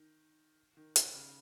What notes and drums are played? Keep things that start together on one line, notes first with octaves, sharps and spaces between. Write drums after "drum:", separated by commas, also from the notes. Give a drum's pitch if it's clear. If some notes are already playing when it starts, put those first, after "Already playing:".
Already playing: D#3
D#3
D#3, drum: hi-hat
C#3